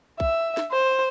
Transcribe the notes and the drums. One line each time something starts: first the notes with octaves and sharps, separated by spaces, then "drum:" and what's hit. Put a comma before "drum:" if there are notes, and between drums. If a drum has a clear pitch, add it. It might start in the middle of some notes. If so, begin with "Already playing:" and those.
E5, drum: kick B1
drum: snare
C5